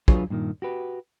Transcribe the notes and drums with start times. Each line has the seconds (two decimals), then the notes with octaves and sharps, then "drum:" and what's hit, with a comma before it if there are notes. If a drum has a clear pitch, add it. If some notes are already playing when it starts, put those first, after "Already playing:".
0.08 F#3 D4 F4 G#4 B4 C#5, drum: kick
0.30 G2 A#2 D3 D#3
0.62 F#4 G4 B4